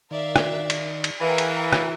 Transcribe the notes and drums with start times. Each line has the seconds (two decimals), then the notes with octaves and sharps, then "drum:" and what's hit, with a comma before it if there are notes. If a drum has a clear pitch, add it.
0.11 D#3 A#4 D5 E5 F5
0.36 drum: rim click
0.70 drum: cymbal
1.04 drum: cymbal
1.21 E3 G#4 A#4 B4 F5 G5 A#5
1.38 drum: cymbal
1.73 drum: rim click